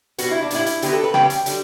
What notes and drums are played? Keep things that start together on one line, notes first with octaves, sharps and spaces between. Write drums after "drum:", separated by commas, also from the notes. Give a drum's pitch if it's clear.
B2 G3 B3 F#4, drum: hi-hat
E4
D4
A2 G3 B3 E4, drum: hi-hat
drum: hi-hat
D3 F#3 B3 G4, drum: hi-hat
A4
B4
C#3 G3 B3 G5, drum: rim click
drum: hi-hat
D3 G3, drum: hi-hat